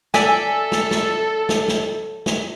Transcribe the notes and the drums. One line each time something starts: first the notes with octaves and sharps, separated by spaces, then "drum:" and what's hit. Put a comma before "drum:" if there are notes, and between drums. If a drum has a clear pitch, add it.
A4 D5 E5 G#5, drum: snare
drum: snare
drum: snare
drum: snare
drum: snare
drum: snare